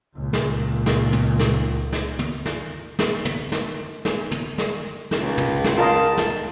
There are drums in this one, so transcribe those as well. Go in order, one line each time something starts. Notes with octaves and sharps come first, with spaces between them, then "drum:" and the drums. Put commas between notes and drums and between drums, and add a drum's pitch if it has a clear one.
C#2 A#2
drum: snare
drum: snare
drum: tom
drum: snare
drum: snare
drum: tom
drum: snare
drum: snare
drum: tom
drum: snare
drum: snare
drum: tom
drum: snare
C#2, drum: snare
drum: tom
drum: snare
F4 A#4 D#5 A5
drum: snare